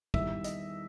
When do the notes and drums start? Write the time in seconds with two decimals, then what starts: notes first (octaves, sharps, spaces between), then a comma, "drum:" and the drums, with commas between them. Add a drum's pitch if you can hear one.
0.14 E2 D#3 G3 E5, drum: kick
0.44 D#5, drum: hi-hat